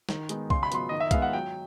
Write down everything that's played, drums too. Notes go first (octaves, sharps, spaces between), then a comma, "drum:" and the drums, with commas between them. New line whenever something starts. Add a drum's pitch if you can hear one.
D#3, drum: snare
G#3 B3 D#4, drum: hi-hat
C#3 C6, drum: kick B1
B5
F#3 B3 C6, drum: hi-hat
D#3 D#5
E5
G#3 B3 F5, drum: kick B1, hi-hat
F#5
F#3 G5